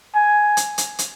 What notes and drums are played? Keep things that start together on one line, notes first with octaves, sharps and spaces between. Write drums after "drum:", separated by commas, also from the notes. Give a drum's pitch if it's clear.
G#5
drum: hi-hat
drum: hi-hat
drum: hi-hat